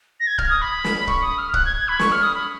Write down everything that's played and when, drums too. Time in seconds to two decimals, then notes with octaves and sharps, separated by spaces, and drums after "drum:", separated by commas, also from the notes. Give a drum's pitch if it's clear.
0.20 A#6
0.27 G#6
0.38 F6, drum: kick
0.50 D#6
0.61 B5
0.84 drum: snare
1.07 C#6, drum: kick
1.23 D#6
1.38 F6
1.54 F#6, drum: kick
1.65 G#6
1.76 G#6
1.88 B5
1.99 C#6, drum: snare
2.12 F6
2.23 D#6
2.34 B5